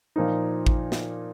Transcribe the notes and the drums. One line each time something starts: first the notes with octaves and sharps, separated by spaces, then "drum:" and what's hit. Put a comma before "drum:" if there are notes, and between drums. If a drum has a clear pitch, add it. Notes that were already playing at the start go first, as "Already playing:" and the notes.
A#2 F3 A#3 D#4
drum: kick A1
drum: snare